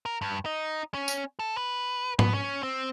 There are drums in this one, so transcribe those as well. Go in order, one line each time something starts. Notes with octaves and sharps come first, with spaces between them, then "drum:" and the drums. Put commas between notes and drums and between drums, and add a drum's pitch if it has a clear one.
A#4
G2
D#4
C#4
drum: tambourine
A4
B4
B3, drum: tom G#2
C#4
C4